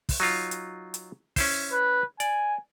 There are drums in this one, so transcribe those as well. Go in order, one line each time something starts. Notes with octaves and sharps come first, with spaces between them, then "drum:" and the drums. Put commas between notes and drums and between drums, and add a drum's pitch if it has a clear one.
drum: kick, open hi-hat
F#3 D#4 F4
drum: hi-hat
drum: hi-hat
C#4 E4 C5, drum: kick, open hi-hat
B4
D5 G#5, drum: hi-hat